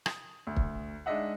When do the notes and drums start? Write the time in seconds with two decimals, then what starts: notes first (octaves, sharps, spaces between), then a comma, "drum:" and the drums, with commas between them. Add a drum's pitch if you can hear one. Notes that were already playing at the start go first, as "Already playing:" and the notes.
0.06 D#6, drum: rim click
0.47 D2
0.57 drum: kick
1.06 G#3 D4 D#4 D#5 E5 F#5